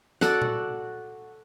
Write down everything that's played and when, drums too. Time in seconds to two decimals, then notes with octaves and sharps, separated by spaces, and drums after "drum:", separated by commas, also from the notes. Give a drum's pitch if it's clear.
0.21 F#4 A4 D5 F#5, drum: snare
0.42 drum: tom A#2